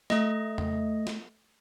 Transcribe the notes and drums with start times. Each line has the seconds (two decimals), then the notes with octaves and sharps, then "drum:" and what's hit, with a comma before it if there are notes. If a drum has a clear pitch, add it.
0.10 A3 D#5, drum: snare
0.58 drum: tom E2
1.07 drum: snare